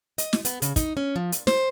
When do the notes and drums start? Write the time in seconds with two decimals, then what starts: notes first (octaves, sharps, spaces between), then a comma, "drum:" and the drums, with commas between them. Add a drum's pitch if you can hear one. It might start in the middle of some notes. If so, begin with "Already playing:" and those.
0.18 D#5, drum: hi-hat
0.33 drum: snare
0.45 B3, drum: hi-hat
0.62 C#3, drum: hi-hat
0.76 D#4, drum: kick, hi-hat
0.97 C#4
1.16 F3
1.32 A#2, drum: hi-hat
1.47 C5, drum: snare